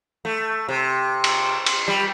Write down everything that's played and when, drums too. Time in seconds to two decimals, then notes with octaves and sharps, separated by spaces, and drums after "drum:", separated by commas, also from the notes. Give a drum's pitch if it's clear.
0.25 A3
0.69 C3
1.24 drum: cymbal
1.66 drum: cymbal
1.88 G3